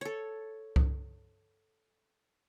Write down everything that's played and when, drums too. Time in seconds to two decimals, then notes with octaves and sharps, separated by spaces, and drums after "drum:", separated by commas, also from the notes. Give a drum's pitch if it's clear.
0.01 A4 C#5
0.76 drum: kick C2